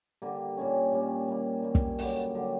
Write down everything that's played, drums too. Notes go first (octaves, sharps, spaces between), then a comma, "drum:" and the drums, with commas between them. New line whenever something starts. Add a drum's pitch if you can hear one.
D3 G3 A#3
A#2 G3 A#3 C#4
A#2 G3 A#3 C#4
D#3 G3 A#3
D#3 G3 A#3
drum: kick
F#2 D3 G3, drum: open hi-hat
F#2 D3 G3